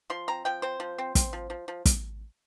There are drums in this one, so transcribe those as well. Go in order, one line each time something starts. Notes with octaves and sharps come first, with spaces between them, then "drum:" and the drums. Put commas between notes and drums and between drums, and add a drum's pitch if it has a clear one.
F3 C6
C4 A#5
F3 G5
C4 C5
F3
C4
C4, drum: kick, hi-hat
F3
F3
F3
drum: kick, hi-hat